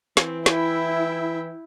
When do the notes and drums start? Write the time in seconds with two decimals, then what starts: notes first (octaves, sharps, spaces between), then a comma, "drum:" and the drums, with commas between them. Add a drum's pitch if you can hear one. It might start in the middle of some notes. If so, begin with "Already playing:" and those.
0.17 E3 C4 E4, drum: snare
0.46 E4 E5 G5, drum: snare